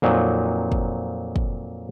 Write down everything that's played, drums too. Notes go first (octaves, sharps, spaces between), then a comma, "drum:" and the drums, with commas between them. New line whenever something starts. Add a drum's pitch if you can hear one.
F2 A#2 F#3 D#4
drum: kick
drum: kick